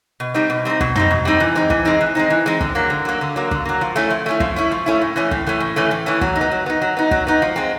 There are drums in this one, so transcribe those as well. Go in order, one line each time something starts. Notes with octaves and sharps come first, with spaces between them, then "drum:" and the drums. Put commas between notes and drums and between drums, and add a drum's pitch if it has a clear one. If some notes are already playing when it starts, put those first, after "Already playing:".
B2
G3 C4 D#4
B2
G3 C4 D#4
B2, drum: kick
G3 C4 D#4, drum: tom
B2
G3 C4 D#4
E3
G#3 C4 D#4
E3, drum: kick
G#3 C4 D#4
E3
G#3 C4 D#4
E3
G#3 C4 D#4
D3, drum: kick
F#3 A#3
D3
F#3 A#3
D3
F#3 A#3
D3, drum: kick
F#3 A#3
F3
A3 C#4 E4
F3
A3 C#4 E4
F3, drum: kick
A3 C#4 E4
F3
A3 C#4 E4
A2
E3 A3 C#4
A2, drum: kick
E3 A3 C#4
A2
E3 A3 C#4
A2
E3 A3 C#4
F#3, drum: kick
D#4
B3
F#3
B3 D#4
F#3
B3 D#4
F#3, drum: kick
B3 D#4
F3
G#3 C4